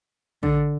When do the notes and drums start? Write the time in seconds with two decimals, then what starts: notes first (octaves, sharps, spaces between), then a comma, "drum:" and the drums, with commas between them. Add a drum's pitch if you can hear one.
0.43 D3, drum: kick